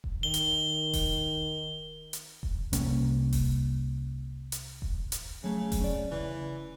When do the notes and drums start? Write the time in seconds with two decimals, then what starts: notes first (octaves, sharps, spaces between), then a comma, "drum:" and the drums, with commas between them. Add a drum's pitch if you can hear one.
0.04 drum: kick E1
0.23 D#3 G7
0.34 drum: hi-hat
0.93 drum: kick E1, open hi-hat
2.13 drum: hi-hat
2.43 drum: kick E1
2.73 C2 A#3 C#4, drum: hi-hat
3.33 drum: kick E1, open hi-hat
4.52 drum: hi-hat
4.82 drum: kick E1
5.12 drum: hi-hat
5.44 C#3 F#3 A3
5.72 drum: kick E1, open hi-hat
5.81 C#4 D5
6.11 C#3 E3